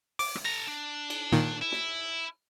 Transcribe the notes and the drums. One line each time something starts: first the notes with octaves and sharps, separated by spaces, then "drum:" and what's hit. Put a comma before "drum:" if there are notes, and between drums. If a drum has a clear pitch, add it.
D6, drum: open hi-hat
drum: rim click
A4 A#5 A#6
D4
drum: cymbal
A#2 D#3
E4
drum: snare